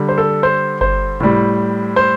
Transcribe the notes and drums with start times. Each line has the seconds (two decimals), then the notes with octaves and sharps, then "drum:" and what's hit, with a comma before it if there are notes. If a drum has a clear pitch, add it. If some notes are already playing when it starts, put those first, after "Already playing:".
Already playing: D3 G3
0.09 C5
0.18 A4
0.43 C5
0.81 C5, drum: kick G1
1.20 A2 G3, drum: tom C3
1.96 C5